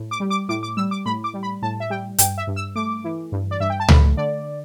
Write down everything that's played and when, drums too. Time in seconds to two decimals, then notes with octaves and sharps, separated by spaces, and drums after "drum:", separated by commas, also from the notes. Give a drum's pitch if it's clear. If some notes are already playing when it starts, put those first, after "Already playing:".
Already playing: A2
0.11 D6
0.20 G3
0.30 D6
0.49 A2 D6
0.63 D6
0.77 G3 E6
0.91 D6
1.06 A2 B5
1.24 D6
1.34 G3
1.43 B5
1.62 A2 A5
1.80 E5
1.90 G3 G5
2.18 G2 G5, drum: hi-hat
2.38 E5
2.47 G2
2.56 E6
2.76 A3 D6
3.04 E3
3.32 G2
3.51 D5
3.60 G2 E5
3.70 G5
3.80 A5
3.89 A3 B5, drum: tom C#2
4.17 D3 D5